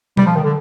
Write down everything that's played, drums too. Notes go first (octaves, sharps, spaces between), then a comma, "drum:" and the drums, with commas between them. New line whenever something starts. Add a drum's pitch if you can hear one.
G3, drum: tom B2
F3
D#3
D3